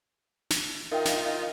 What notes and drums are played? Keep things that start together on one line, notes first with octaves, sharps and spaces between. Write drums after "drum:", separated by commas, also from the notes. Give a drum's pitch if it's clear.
drum: snare
D#4 F4 A#4 E5 G5
drum: snare